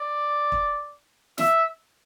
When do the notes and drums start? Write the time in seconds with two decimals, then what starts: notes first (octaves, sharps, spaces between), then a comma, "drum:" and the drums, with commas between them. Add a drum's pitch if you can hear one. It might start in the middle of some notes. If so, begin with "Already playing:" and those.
Already playing: D5
0.52 drum: kick
1.38 E5, drum: snare